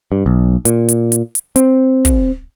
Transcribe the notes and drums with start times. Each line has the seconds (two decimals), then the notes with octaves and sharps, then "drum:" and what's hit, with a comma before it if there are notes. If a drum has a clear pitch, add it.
0.12 G2
0.26 B1
0.65 A#2, drum: hi-hat
0.89 drum: hi-hat
1.12 drum: hi-hat
1.35 drum: hi-hat
1.56 C4, drum: hi-hat
2.05 drum: kick, hi-hat